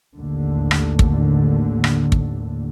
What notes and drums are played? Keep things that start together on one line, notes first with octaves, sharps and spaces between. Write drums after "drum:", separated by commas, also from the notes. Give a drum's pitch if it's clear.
A1 D#2 A2 D3
drum: rim click
drum: kick
drum: rim click
drum: kick